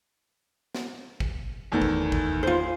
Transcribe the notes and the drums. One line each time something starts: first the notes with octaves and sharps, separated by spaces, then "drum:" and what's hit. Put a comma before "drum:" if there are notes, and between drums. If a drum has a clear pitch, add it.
drum: snare
drum: kick G1
E2 D#3 A3
drum: kick G1
drum: kick G1
F4 C5